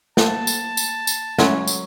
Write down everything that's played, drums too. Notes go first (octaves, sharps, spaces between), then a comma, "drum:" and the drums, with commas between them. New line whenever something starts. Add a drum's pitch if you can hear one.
A#3 A4 C5 F#5 A5, drum: snare
drum: tambourine
drum: tambourine
drum: tambourine
F#3 G#3 C#4 E4 F#5 C6, drum: snare
drum: tambourine